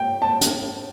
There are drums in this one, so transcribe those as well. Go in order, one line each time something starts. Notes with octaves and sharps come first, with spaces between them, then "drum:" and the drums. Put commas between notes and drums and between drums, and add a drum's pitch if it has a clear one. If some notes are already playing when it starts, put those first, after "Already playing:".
Already playing: G5
A5
drum: hi-hat